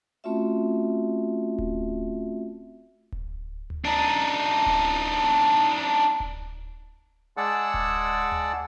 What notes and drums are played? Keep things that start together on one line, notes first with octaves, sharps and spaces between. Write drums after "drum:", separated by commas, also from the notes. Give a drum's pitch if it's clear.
A3 C4 C#4 F4 F#4 E5
drum: kick D1
drum: kick D1
drum: tom D2
D4 D#4
drum: kick D1
drum: tom B3
drum: kick D1
G#3 G#4 D5 F#5 A5 E6
drum: kick D1
drum: tom D2